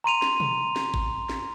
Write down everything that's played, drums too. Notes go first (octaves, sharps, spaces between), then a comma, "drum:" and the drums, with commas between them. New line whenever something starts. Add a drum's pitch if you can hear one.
A#5 C6 D#7 F7
drum: snare
drum: tom
drum: snare
drum: kick
drum: snare